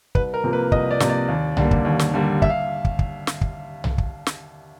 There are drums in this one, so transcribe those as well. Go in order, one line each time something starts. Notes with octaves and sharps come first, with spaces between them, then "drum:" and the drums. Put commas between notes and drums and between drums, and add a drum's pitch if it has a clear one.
C2 B4, drum: kick
A#4
C3 F3 A#3
B4
C2 D#5, drum: kick
D5
C3 F3 A#3, drum: snare
D5
D#2
D3 G3 A#3, drum: tom B1
drum: kick
D#2
drum: snare
D3 G3 A#3
E5, drum: kick
F5
drum: kick
drum: kick
drum: snare
drum: kick
drum: tom B1
drum: kick
drum: snare